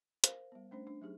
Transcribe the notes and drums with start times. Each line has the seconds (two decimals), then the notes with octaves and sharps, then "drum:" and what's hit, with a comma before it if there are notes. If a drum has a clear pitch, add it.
0.24 A#4 C5 F5, drum: hi-hat
0.52 G3 B3
0.71 A3 C#4 D4 C5
0.87 D4
1.02 F#3 D#4 G4 G#4